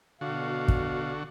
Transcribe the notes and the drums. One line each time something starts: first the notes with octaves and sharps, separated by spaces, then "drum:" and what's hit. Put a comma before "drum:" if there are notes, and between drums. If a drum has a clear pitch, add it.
B2 D3 F#4 F5
drum: kick